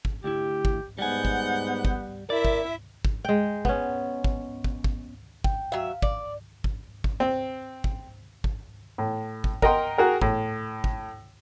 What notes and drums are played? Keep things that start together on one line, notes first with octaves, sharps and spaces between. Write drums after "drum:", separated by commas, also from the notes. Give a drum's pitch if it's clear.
drum: kick
D2 E4 G4
drum: kick
G#2 G3 B3 F#5 G#5 G6
drum: kick
drum: kick
E4 A#4 D5 E5
drum: kick
drum: kick
G#3 G5
B3 C#4, drum: kick
drum: kick
drum: kick
drum: kick
G5, drum: kick
F#3 E5 F5
D5, drum: kick
drum: kick
drum: kick
C4
drum: kick
drum: kick
A2
drum: kick
A#4 D#5 F#5 G5 C6, drum: kick
F#4 G#4 A#4 G5
A2, drum: kick
drum: kick